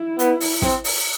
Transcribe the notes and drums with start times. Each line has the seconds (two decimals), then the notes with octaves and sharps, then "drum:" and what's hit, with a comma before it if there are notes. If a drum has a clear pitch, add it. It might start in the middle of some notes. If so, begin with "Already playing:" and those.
Already playing: E4
0.19 B3, drum: hi-hat
0.40 drum: open hi-hat
0.62 C4, drum: snare
0.84 drum: open hi-hat